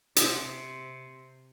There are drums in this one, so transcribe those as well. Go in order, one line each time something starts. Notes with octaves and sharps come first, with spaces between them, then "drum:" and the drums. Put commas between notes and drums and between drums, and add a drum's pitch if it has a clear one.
C3, drum: hi-hat